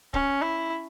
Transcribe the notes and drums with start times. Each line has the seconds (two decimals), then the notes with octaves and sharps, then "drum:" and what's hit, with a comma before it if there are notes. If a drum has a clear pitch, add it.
0.14 C#4, drum: kick C#1
0.42 E4